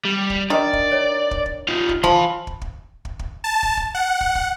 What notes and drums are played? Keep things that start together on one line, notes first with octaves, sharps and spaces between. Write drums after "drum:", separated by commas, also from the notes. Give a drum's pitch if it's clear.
G3
drum: kick
D#3 D4 A#4 D5 D#5
drum: kick
C#5
drum: kick
drum: kick
D#4 F4
drum: kick
E3 F3 B5, drum: kick
drum: kick
drum: kick
drum: kick
drum: kick
A5
drum: kick
drum: kick
F#5
drum: kick
drum: kick